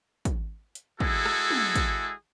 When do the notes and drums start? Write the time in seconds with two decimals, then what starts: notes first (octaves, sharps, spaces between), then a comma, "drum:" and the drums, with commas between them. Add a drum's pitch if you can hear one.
0.25 drum: kick, hi-hat
0.75 drum: hi-hat
1.00 G#3 E4 F#4 G#4 A4, drum: kick
1.25 drum: rim click
1.50 drum: tom
1.76 drum: kick, hi-hat